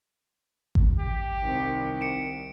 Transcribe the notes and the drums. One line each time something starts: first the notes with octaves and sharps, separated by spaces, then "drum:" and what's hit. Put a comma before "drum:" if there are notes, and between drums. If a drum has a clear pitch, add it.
drum: kick G#1
G4
C2 D#3
C#7 D7 E7